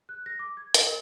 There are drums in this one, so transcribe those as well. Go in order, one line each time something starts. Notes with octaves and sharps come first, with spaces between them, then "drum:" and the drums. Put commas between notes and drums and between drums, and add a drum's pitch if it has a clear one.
F#6
A#6
D6
G#6
D#5, drum: hi-hat
A#4